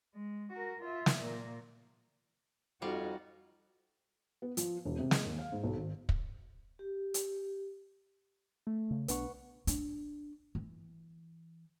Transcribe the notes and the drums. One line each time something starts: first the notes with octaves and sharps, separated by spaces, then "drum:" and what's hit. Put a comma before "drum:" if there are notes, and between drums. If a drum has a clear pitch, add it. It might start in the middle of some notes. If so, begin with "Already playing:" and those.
G#3
F#4 A#4
F4 E5
drum: snare
A#2 A#3
F2 G3 D#4 F4 F#4
B3
F3, drum: hi-hat
E1
C3
G#3, drum: snare
D#2
F5
G#2
B1
G#1
drum: kick
G4
drum: hi-hat
A3
C#3
B1 B3 D4 B4 F#5 C#6, drum: hi-hat
D4, drum: hi-hat
E3